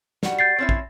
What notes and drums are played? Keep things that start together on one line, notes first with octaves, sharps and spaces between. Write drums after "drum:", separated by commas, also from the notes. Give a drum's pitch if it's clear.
G3 F#4, drum: snare
G6 A6 C7
C4 C#4 E4
drum: kick